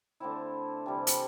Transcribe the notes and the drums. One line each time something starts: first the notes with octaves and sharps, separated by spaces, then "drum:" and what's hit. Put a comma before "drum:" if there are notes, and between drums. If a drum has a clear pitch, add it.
D3 A3 C4 E4
C3 E3 G3
drum: hi-hat